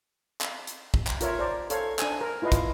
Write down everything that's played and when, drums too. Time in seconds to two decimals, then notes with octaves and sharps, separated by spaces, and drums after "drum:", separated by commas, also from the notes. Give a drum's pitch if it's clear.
0.41 drum: clap
0.67 drum: hi-hat
0.94 drum: kick
1.07 drum: clap
1.21 F4 A#4 C#5 E5, drum: hi-hat
1.39 C5 D5 A#5
1.70 A4 C5 C#5 F5 A#5, drum: hi-hat
1.99 D4 G#5, drum: clap
2.21 A#4
2.42 E4 F4 B4 D#5 F5
2.52 drum: kick, hi-hat